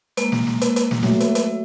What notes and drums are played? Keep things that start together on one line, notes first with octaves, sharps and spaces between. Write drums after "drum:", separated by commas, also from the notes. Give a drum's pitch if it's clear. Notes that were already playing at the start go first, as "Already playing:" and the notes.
G#3 A#3, drum: hi-hat
drum: snare
drum: snare
drum: hi-hat
drum: hi-hat
drum: snare
F#3 A3, drum: snare
drum: hi-hat
drum: hi-hat